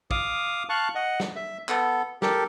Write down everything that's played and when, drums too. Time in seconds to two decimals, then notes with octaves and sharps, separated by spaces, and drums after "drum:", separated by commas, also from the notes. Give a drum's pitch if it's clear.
0.11 F5 D6 D#6, drum: kick
0.69 F5 A5 C#6 F#6
0.95 D#5 F#5
1.20 drum: snare
1.36 E5
1.69 B3 A4, drum: clap
2.22 G4 A4 A#4, drum: snare